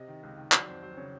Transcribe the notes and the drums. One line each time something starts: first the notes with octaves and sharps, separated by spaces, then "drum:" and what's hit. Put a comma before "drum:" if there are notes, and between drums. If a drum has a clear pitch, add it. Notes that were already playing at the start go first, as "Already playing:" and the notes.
Already playing: C3 D#5
D#3
C#2
D#3
F#3 D5, drum: clap
F2 C5
F#3 C5
C#3 C#5